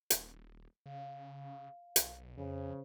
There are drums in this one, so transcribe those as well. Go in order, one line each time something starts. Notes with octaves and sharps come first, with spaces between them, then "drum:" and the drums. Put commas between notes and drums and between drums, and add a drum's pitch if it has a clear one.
D#1, drum: hi-hat
C#3 F5
B1, drum: hi-hat
F2 C#3 C5